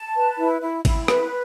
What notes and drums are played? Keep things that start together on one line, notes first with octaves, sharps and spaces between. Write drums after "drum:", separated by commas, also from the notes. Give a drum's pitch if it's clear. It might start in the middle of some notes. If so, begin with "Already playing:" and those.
Already playing: A5
B4
E4
E4
E4, drum: kick G#1, cymbal
B4, drum: rim click